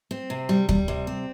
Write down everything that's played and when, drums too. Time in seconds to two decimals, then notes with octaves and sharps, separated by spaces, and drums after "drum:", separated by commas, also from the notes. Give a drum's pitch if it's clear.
0.11 C4
0.30 C3
0.49 G3
0.69 G3, drum: kick
0.88 C3
1.07 C4